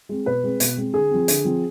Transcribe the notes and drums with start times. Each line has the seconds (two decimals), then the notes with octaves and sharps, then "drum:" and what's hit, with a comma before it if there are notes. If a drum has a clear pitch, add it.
0.09 G#3 C4
0.26 B2 B4
0.44 G#3 C4
0.60 B2, drum: hi-hat
0.77 G#3 C4
0.94 D3 G#4
1.11 F3 C4
1.28 D3, drum: hi-hat
1.45 F3 C4